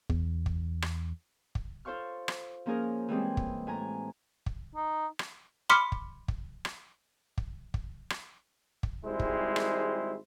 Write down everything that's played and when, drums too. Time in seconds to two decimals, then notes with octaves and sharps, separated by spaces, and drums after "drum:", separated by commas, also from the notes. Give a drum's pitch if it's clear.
0.10 E2, drum: kick
0.46 drum: kick
0.82 drum: rim click
1.55 drum: kick
1.85 F4 A4 C5 F5 C#6 F6
2.28 drum: rim click
2.66 F3 A#3 C#4 G#4 A#4
3.08 E3 G3 G#3 C4
3.37 drum: kick
3.67 A2 G#5 A#5
4.46 drum: kick
4.76 D#4
5.19 drum: rim click
5.69 B5 C6 D6 F6 B6 C#7
5.92 drum: kick
6.28 drum: kick
6.65 drum: rim click
7.38 drum: kick
7.74 drum: kick
8.10 drum: rim click
8.83 drum: kick
9.05 G#1 G3 G#3 E4 C5
9.20 drum: kick
9.56 drum: rim click